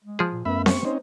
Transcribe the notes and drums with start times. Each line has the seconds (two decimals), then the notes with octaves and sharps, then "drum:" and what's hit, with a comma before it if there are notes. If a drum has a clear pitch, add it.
0.04 G#3
0.19 F3 G#4
0.31 A#2
0.45 F#2 A3 B3 B4 E5 B5
0.66 C4 C#6, drum: snare C4
0.85 C4 C#4 D#4 C5